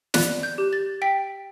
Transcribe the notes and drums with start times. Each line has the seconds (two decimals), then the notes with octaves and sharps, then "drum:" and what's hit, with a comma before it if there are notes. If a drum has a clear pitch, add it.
0.14 D5 F#6, drum: snare
0.43 G6
0.58 G4
0.73 A6
1.02 G5 B6